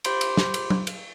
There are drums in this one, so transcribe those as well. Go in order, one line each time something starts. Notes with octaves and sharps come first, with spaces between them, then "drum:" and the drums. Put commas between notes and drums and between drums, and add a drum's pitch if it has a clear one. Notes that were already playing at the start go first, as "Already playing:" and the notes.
G4 C5 B5 C6 D7, drum: cymbal
drum: cymbal
drum: snare
drum: cymbal
drum: tom
drum: cymbal